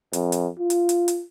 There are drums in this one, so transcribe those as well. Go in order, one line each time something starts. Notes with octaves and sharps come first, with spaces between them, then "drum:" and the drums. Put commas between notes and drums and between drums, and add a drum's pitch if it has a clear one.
F2, drum: hi-hat
drum: hi-hat
F4
drum: hi-hat
drum: hi-hat
drum: hi-hat